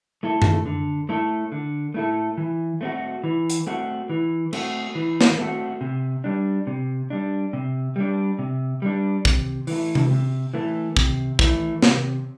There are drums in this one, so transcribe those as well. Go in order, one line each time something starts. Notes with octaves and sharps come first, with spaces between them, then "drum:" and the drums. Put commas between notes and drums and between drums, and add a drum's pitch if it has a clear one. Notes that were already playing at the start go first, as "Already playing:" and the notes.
A3 E4 A4
drum: tom F#2
D3
A3 E4 A4
D3
A3 E4 A4
E3
A3 C4 F#4
E3
drum: hi-hat
A3 C4 F#4
E3
A3 C4 F#4, drum: cymbal
E3
drum: snare
A3 C4 F#4
C3
G3 D4
C3
G3 D4
C3
G3 D4
C3
G3 D4
C3, drum: kick
E3 A3, drum: open hi-hat
drum: tom C3
C3
E3 A3
C3, drum: kick
E3 A3, drum: kick
C3, drum: snare